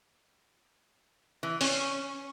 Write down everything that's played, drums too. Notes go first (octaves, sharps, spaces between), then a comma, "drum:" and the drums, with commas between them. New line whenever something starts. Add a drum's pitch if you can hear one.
E3
C#4, drum: open hi-hat